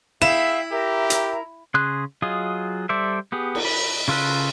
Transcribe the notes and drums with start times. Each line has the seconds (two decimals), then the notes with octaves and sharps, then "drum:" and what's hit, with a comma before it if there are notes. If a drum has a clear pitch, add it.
0.22 E4 G#4 E5 F5 G5 E7
0.71 G4 A#4 E5 A#5
1.10 drum: hi-hat
1.74 C#3 G#4 C6 F#6
2.22 F#3 F4 G#4 D#5
2.89 G3 A4 C5 D5 E5
3.32 B3 G4 G#4
3.55 drum: cymbal
3.65 B5
4.08 C#3 F4 A4 B4